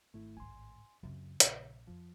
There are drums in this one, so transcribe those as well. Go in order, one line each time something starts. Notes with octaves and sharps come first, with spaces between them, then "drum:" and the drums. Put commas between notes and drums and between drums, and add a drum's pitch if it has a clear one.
G#1 A3 E4
A1 D2 G#5 C6
C#2 F#2 C#3 C4
A#1, drum: hi-hat
F2 F3